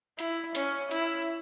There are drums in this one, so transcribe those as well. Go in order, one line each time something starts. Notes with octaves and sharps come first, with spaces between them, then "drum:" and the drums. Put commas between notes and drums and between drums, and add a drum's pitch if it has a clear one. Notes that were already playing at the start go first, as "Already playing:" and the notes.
E4, drum: hi-hat
C#4, drum: hi-hat
E4, drum: hi-hat